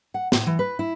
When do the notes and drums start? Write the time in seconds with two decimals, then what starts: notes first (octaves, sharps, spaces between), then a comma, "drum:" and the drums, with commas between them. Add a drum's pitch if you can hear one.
0.14 F#5
0.32 A2, drum: snare
0.47 E3
0.59 B4
0.79 E4